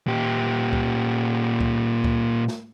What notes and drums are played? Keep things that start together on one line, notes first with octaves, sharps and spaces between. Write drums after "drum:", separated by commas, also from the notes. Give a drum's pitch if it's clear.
A#2 G4
drum: kick C#2
drum: kick C#2
drum: kick C#2
drum: snare